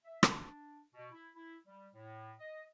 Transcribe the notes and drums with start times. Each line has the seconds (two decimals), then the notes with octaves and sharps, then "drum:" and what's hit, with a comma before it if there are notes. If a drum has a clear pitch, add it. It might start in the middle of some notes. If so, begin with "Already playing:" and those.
0.05 E5
0.23 D4, drum: rim click
0.94 B2
1.11 E4
1.36 E4
1.67 G3
1.95 A2
2.39 D#5